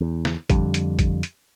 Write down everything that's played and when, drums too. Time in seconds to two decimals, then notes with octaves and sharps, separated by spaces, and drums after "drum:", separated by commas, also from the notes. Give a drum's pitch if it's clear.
0.01 E2
0.25 drum: snare
0.50 F2 D3 G3, drum: kick, hi-hat
0.74 drum: hi-hat
0.99 drum: kick, hi-hat
1.23 drum: hi-hat